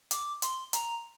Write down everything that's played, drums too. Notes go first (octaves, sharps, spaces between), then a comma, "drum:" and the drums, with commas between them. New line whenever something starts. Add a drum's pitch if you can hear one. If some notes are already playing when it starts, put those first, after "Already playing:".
D6, drum: hi-hat
C6, drum: hi-hat
A#5, drum: hi-hat